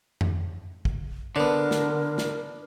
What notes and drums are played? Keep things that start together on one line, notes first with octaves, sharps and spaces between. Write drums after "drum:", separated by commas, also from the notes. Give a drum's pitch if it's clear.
drum: tom F2
drum: kick
D3 B3 D4 A#4
drum: snare
drum: snare